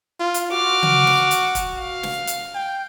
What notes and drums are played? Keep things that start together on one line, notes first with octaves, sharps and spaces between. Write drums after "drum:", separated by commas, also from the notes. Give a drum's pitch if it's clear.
F4
drum: hi-hat
F#4 D6 F6
drum: tom C#3
drum: snare
drum: hi-hat
drum: kick, hi-hat
F5
drum: snare
drum: hi-hat
G5